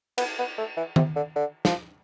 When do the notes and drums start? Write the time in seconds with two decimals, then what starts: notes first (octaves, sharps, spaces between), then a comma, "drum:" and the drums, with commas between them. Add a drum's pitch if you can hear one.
0.18 B3, drum: cymbal
0.38 B3
0.58 A3
0.77 E3
0.96 C3, drum: tom D#3
1.16 D3
1.35 D3
1.65 F3, drum: snare